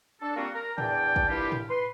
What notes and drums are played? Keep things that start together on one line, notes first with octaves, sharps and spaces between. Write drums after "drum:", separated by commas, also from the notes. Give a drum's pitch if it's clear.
D4 A4
G3 A#3 C4 F4 F#4
A#4
E2 D4 D5 G5, drum: tom A2
drum: kick
C2 G2 E4 F4 G4
drum: tom A2
B4 C6